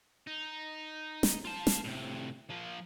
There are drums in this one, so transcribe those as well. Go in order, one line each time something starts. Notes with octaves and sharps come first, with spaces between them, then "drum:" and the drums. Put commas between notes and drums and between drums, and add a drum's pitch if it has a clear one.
D#4
drum: snare
F4 A5
drum: snare
A2 C3
F3 A#3